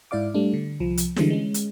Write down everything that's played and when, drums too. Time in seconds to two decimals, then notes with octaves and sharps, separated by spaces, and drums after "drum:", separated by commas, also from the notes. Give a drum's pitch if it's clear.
0.11 G#2 E4 D5 F5 D6
0.34 G3 A3 D4
0.54 D3
0.80 C2 F3
0.97 drum: hi-hat
1.16 D3 E3 G3 G#3, drum: snare
1.30 G#3 C#4
1.54 drum: hi-hat